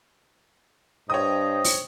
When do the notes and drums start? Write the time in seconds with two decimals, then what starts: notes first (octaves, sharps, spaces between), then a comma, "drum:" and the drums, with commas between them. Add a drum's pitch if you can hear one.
1.10 G2 C5 C#5 D#5 G5 D#6
1.64 drum: open hi-hat